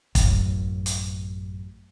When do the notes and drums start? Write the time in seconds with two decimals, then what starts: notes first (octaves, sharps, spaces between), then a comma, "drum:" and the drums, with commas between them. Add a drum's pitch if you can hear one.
0.15 A1 F#2, drum: kick, hi-hat
0.86 drum: hi-hat